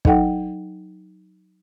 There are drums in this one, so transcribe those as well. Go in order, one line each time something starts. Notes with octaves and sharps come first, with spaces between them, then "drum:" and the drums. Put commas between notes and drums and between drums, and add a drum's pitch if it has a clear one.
F#3 D#4 A4 F#5 G5, drum: kick